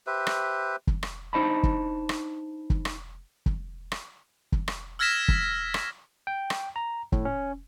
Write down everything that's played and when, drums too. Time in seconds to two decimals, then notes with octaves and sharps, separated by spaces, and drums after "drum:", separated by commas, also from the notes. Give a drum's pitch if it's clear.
0.07 G4 B4 C5 E5
0.27 drum: rim click
0.87 drum: kick
1.03 drum: rim click
1.33 D4 D#4 C5 D#5 A5 B5
1.63 drum: kick
2.09 drum: rim click
2.70 drum: kick
2.85 drum: rim click
3.46 drum: kick
3.92 drum: rim click
4.52 drum: kick
4.68 drum: rim click
4.99 E6 F6 G#6 A#6 B6 E7
5.28 drum: kick
5.74 drum: rim click
6.27 G5
6.50 drum: rim click
6.76 A#5
7.12 A2, drum: kick
7.25 C#4